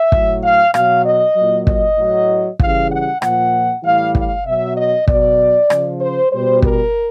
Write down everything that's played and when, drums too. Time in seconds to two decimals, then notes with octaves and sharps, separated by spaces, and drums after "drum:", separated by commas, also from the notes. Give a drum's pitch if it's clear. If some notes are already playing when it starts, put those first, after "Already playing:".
Already playing: E5
0.12 A2 F#3, drum: kick
0.43 F5
0.74 B2 F#3 F5, drum: rim click
1.05 D#5
1.35 A#2 F#3
1.67 D#5, drum: kick
1.97 A2 F#3
2.59 C#3 E3 G3 F5, drum: kick
2.91 F#5
3.22 A#2 F3 F#5, drum: rim click
3.83 A2 E3 G3 F5
4.15 F5, drum: kick
4.46 B2 F#3 E5
4.76 D#5
5.08 B2 F#3 D5, drum: kick
5.70 C#3 F3, drum: rim click
6.01 C5
6.31 B2 G3 C5
6.62 A#4, drum: kick